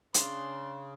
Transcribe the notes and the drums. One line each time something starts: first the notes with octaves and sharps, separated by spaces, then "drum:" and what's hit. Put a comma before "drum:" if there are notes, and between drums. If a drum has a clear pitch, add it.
C#3 D4 C6, drum: hi-hat